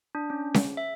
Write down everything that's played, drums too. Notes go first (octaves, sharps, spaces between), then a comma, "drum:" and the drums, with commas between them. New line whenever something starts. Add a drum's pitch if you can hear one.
D4
C#4
drum: snare C#4
E5